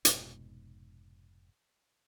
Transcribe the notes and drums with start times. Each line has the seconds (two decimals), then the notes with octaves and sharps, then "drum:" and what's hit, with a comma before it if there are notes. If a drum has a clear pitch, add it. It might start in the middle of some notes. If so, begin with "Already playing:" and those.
0.05 F1 G#2 B2, drum: hi-hat